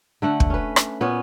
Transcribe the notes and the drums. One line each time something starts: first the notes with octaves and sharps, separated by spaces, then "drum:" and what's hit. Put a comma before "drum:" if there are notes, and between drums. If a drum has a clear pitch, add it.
D3 A3 F#5
drum: kick
C#4 B4
drum: rim click
A#2 B3 C#4 C#5